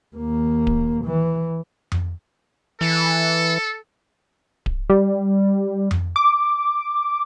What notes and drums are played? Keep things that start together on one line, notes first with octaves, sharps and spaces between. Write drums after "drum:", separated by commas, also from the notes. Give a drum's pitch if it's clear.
D#2 A#3
drum: kick D1
E3
drum: tom F2
E3 A4
drum: kick D1
G3
drum: tom F2
D6